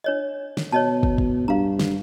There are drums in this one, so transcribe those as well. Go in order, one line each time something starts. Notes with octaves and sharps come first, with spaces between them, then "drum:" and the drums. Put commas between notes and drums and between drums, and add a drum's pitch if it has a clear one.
D4 C#5 D#5
drum: snare
B2 C#5 D#5 A5
drum: kick
drum: kick
G2 F5 A#5
drum: snare